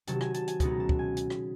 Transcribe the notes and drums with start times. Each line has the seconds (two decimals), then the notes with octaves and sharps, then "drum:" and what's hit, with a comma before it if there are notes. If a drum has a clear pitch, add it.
0.07 C3 D#3 F#3 A5, drum: hi-hat
0.21 G#5, drum: rim click
0.34 A5, drum: hi-hat
0.48 G#5, drum: hi-hat
0.60 C#2 B2 G#3 B3 D#4 A#5, drum: kick, hi-hat
0.80 A5
0.89 drum: kick
0.99 G#5
1.17 drum: hi-hat
1.30 drum: rim click